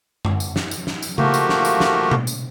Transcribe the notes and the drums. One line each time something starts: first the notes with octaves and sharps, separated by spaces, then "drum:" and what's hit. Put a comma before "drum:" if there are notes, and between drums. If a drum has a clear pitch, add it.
drum: tom F#2
drum: tambourine
drum: snare
drum: tambourine
drum: snare
drum: tambourine
F3 A3 A#3 F#4 G4, drum: tom C#3
drum: tambourine
drum: snare
drum: tambourine
drum: snare
drum: tom B2
drum: tambourine